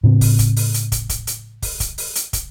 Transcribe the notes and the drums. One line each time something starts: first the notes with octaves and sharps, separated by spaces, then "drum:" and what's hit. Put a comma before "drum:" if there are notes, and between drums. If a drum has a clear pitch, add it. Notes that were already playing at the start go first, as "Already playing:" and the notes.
A2 C#3 C4
drum: kick, open hi-hat
drum: kick, hi-hat
drum: open hi-hat
drum: hi-hat
drum: kick, hi-hat
drum: kick, hi-hat
drum: hi-hat
drum: kick, open hi-hat
drum: kick, hi-hat
drum: open hi-hat
drum: hi-hat
drum: kick, hi-hat